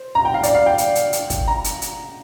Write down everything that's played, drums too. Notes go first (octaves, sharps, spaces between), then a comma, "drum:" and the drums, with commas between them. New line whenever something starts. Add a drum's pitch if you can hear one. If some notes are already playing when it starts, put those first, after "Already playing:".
Already playing: C5
A#5
G5
F5
D5, drum: hi-hat
F5
G5
drum: hi-hat
drum: hi-hat
drum: hi-hat
drum: kick, hi-hat
A#5
drum: hi-hat
drum: hi-hat